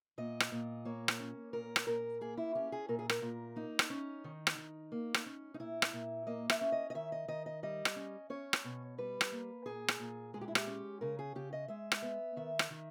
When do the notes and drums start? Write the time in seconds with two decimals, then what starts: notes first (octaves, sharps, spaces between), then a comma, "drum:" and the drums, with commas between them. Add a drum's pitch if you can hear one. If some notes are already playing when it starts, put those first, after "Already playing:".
0.18 A#2 D#5
0.40 drum: rim click
0.52 A#2
0.85 A#3 C#5
1.08 drum: rim click
1.20 C#4
1.53 A#2 A#4
1.76 drum: rim click
1.87 A#2 A#4
2.21 A#3 G#4
2.37 E4
2.55 C#4 G4
2.72 G#4
2.89 A#2 A#4
2.99 G#4
3.09 A#4, drum: rim click
3.22 A#2
3.56 A#3 D#4
3.79 drum: rim click
3.90 C#4
4.24 D#3
4.47 drum: rim click
4.58 D#3
4.92 A#3
5.14 drum: rim click
5.26 C#4
5.54 D#4
5.59 A#2 E4
5.82 drum: rim click
5.93 A#2
6.27 A#3 D#5
6.50 E5, drum: rim click
6.61 C#4
6.72 D#5
6.90 D#5
6.95 D#3 E5
7.12 D#5
7.28 D#3 D#5
7.46 D#5
7.63 G3 D#5
7.85 drum: rim click
7.96 C#4
8.30 C#4 C#5
8.53 drum: rim click
8.64 B2
8.98 G3 B4
9.21 drum: rim click
9.32 A#3
9.66 A#2 G#4
9.88 drum: rim click
10.00 A#2
10.34 G#3 G#4
10.41 G4
10.48 E4
10.55 G4, drum: rim click
10.67 C#4
11.01 C#3 A#4
11.19 G#4
11.35 C#3 G4
11.53 D#5
11.68 G#3 E5
11.92 drum: rim click
12.02 B3
12.36 D#3 E5
12.59 drum: rim click
12.70 D#3